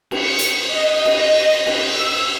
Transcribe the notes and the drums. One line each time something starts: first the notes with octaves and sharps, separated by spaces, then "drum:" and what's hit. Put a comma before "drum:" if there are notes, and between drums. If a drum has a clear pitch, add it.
C#7, drum: cymbal
drum: hi-hat
D#5
drum: cymbal
drum: cymbal
E6